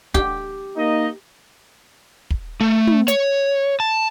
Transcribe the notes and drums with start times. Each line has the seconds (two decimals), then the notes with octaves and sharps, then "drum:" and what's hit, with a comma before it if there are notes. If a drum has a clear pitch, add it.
0.14 G4, drum: kick
0.77 A#3 D#4 D#5
2.30 drum: kick
2.61 A3
2.87 drum: tom
3.08 C#5, drum: hi-hat
3.80 A5